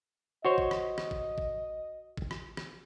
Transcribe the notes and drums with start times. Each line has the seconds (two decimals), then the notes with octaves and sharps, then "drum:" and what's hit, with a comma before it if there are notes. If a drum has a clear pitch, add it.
0.45 F#4 C5 C#5 D#5
0.58 drum: kick
0.71 drum: rim click
0.98 drum: rim click
1.11 drum: kick
1.38 drum: kick
2.17 drum: kick
2.31 drum: rim click
2.57 drum: rim click